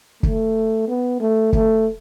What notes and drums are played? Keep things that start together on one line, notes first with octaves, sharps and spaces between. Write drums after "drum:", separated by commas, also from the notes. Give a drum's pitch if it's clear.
A3, drum: kick
B3
A3
A3, drum: kick